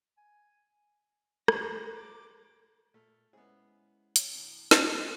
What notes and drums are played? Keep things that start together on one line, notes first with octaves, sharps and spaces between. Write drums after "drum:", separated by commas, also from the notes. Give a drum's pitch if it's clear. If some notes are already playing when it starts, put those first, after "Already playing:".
G#5
A#6, drum: rim click
D6
A#2 A3 A4 F6
G#3 B3 C#4 E4 G#4 C5
C#5 G#5, drum: hi-hat
D2 A2
drum: snare
B5 C#6